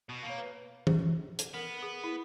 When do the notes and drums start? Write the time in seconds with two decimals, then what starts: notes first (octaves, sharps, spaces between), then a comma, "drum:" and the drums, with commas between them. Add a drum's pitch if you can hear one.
0.09 B2
0.24 A#3
0.29 C#5
0.38 B4
0.87 drum: tom
1.39 drum: hi-hat
1.54 B3 A#4
1.82 G#4
2.04 E4